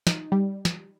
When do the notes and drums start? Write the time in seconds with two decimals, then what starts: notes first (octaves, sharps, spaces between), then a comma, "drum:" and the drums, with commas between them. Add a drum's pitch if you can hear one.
0.07 D#4, drum: snare
0.32 G3
0.65 drum: snare